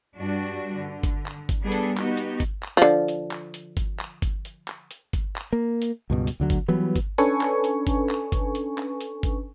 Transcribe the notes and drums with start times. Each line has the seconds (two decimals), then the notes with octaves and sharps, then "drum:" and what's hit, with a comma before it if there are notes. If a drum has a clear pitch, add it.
0.18 G2 G3 D4 F#4
0.76 D3
1.03 drum: kick G1, hi-hat
1.26 drum: clap
1.49 drum: kick G1, hi-hat
1.63 G3 B3 D4 G#4 A4
1.72 drum: hi-hat
1.97 B3 D#4 F#4 G4, drum: clap
2.17 drum: hi-hat
2.40 drum: kick G1, hi-hat
2.63 drum: clap
2.77 D3 F3
3.08 drum: hi-hat
3.31 drum: clap
3.54 drum: hi-hat
3.77 drum: kick G1, hi-hat
4.00 drum: clap
4.22 drum: kick G1, hi-hat
4.45 drum: hi-hat
4.68 drum: clap
4.91 drum: hi-hat
5.13 drum: kick G1, hi-hat
5.36 drum: clap
5.53 A#3
5.82 drum: hi-hat
6.10 C#2 G2 B2
6.27 drum: hi-hat
6.40 D2 D3 F#3
6.50 drum: kick G1, hi-hat
6.68 E3 F#3 G3 B3
6.96 drum: kick G1, hi-hat
7.18 C#4 D4 A4 B4 G#5 C#6, drum: hi-hat
7.41 drum: clap
7.64 drum: hi-hat
7.87 drum: kick G1, hi-hat
8.09 drum: clap
8.32 drum: kick G1, hi-hat
8.55 drum: hi-hat
8.78 drum: clap
9.01 drum: hi-hat
9.23 drum: kick G1, hi-hat